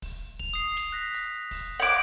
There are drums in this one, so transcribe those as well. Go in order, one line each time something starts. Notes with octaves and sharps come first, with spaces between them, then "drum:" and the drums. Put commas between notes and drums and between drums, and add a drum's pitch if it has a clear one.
drum: kick, open hi-hat
F7, drum: kick
D#6 C7
drum: snare
F#6 A#6 B6
drum: hi-hat
drum: kick, open hi-hat
F#5 D6 G6 G#6